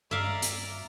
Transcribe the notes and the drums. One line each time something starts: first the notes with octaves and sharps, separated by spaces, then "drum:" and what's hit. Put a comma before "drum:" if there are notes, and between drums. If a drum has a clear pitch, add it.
G2 D5 E5 F5 A#5
drum: hi-hat